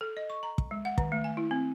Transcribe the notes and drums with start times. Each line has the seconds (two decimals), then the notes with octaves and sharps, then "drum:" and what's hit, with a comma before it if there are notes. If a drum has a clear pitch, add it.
0.01 A4
0.17 D#5
0.30 C#6
0.43 A#5
0.58 drum: kick
0.71 G#3
0.85 F#5
0.98 D#3, drum: kick
1.12 A3
1.24 G#5
1.37 E4
1.51 C4